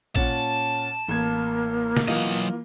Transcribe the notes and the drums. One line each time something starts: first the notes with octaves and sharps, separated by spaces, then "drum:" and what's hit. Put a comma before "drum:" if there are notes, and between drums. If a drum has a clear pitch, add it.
A#2 C#4 F#5 A5, drum: kick
A1 A#3 G#6
drum: snare
E3 F#3 F4 D#5